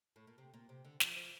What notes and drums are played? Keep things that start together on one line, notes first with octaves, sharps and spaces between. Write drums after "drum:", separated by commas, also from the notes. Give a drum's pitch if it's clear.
A2
A#2
C3
A#2
C3
D3
F3, drum: snare
F3